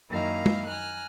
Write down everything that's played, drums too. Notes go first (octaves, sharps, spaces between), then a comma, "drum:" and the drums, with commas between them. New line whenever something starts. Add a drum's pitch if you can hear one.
F#2 D#3 A#3 E4 F5 A#5
drum: tom G#3
G#5 A#5 F6 F#6